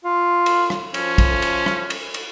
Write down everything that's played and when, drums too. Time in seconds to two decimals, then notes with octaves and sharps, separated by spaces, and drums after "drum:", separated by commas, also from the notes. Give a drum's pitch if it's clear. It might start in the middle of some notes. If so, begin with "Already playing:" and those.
0.04 F4
0.46 drum: cymbal
0.70 drum: rim click
0.94 F3 C#4, drum: cymbal
1.18 drum: kick, cymbal
1.42 drum: cymbal
1.66 drum: rim click
1.90 drum: cymbal
2.14 drum: cymbal